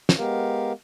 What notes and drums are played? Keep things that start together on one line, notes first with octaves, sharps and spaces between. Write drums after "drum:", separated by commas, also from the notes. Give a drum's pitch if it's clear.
drum: snare
G#3 B3 G4 A#4 F5